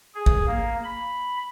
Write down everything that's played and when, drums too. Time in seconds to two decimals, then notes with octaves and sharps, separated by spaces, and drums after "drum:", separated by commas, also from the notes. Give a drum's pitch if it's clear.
0.15 G#4
0.26 drum: kick
0.47 A#3
0.84 B5